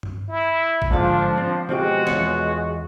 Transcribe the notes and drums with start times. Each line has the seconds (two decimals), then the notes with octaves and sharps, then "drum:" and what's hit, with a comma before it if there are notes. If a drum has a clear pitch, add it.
0.03 drum: tom G2
0.29 E4
0.82 drum: kick
0.91 G#2 D3 F3 D4 F5
1.38 C4
1.69 B2 F3 G#3 C4 F#4 G4
2.07 E2 F4 C#5, drum: snare